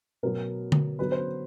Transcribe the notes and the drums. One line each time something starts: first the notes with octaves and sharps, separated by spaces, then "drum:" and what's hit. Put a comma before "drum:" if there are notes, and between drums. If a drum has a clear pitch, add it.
B2 F#3 B3 A#4
drum: tom D3
D3 F#3 B3 B4
C5